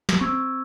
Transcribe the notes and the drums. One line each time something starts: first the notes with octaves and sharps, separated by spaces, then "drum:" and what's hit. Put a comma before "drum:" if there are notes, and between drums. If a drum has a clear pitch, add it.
drum: snare
C4 C#6 E6 G#6